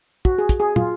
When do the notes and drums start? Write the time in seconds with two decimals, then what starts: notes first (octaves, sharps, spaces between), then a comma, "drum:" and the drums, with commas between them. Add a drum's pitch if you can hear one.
0.25 F#4, drum: kick
0.39 G#4
0.49 drum: kick, hi-hat
0.60 G#4
0.76 F4, drum: tom